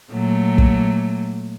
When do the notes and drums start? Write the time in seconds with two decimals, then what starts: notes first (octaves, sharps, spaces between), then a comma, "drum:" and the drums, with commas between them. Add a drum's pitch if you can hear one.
0.11 A#2 F#3 A3
0.58 drum: kick